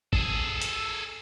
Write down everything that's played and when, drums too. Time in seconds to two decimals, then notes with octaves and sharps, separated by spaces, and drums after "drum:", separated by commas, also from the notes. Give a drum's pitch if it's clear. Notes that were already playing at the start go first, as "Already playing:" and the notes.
0.13 G#4 A4, drum: kick
0.62 drum: hi-hat